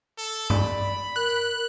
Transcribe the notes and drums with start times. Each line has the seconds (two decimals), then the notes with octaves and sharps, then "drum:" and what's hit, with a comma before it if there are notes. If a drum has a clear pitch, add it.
0.18 A4
0.50 D5 B5, drum: tom G2
1.16 A#4 F#6